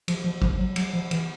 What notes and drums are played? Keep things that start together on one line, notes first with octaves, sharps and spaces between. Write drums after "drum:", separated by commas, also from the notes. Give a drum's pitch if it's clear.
F3, drum: cymbal
F3
F3, drum: kick
F#3
F#3, drum: cymbal
F3
E3, drum: cymbal